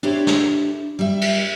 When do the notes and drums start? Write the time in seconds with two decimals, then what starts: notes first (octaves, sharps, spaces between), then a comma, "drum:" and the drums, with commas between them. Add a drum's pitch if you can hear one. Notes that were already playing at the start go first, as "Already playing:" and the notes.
0.03 D4 E4 G4 A4 C5 C#5
0.27 drum: snare
0.99 G3 E5
1.21 drum: cymbal